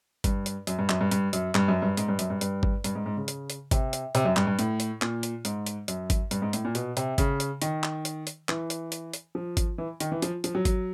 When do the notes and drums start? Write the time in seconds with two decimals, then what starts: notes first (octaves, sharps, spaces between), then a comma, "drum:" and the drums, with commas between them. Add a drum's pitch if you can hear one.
0.24 G2, drum: kick G#1, hi-hat
0.46 drum: hi-hat
0.67 F#2, drum: hi-hat
0.79 G2
0.89 F#2, drum: clap
1.01 G2
1.11 G2, drum: hi-hat
1.33 F#2, drum: hi-hat
1.55 G2, drum: clap
1.68 F#2
1.82 G2
1.97 G#2, drum: hi-hat
2.08 G2
2.19 F#2, drum: hi-hat
2.30 G2
2.41 G2, drum: hi-hat
2.63 drum: kick G#1
2.84 G2, drum: hi-hat
2.95 G#2
3.06 G#2
3.17 C#3
3.28 drum: hi-hat
3.50 drum: hi-hat
3.71 C3, drum: kick G#1, hi-hat
3.93 drum: hi-hat
4.15 C3, drum: hi-hat
4.25 F#2
4.36 G2, drum: clap
4.47 G2
4.59 A2, drum: hi-hat
4.80 drum: hi-hat
5.02 A#2, drum: clap
5.23 drum: hi-hat
5.45 G#2, drum: hi-hat
5.66 drum: hi-hat
5.88 F#2, drum: hi-hat
6.10 drum: kick G#1, hi-hat
6.31 G2, drum: hi-hat
6.42 G#2
6.53 A2, drum: hi-hat
6.65 A#2
6.75 B2, drum: hi-hat
6.97 C3, drum: hi-hat
7.18 C#3, drum: kick G#1, hi-hat
7.40 drum: hi-hat
7.62 D#3, drum: hi-hat
7.83 drum: clap
8.05 drum: hi-hat
8.27 drum: hi-hat
8.49 E3, drum: clap
8.70 drum: hi-hat
8.92 drum: hi-hat
9.13 drum: hi-hat
9.35 F3
9.57 drum: kick G#1, hi-hat
9.78 E3
10.00 D#3, drum: hi-hat
10.12 E3
10.22 F3, drum: hi-hat
10.44 F3, drum: hi-hat
10.55 F#3
10.65 drum: kick G#1, hi-hat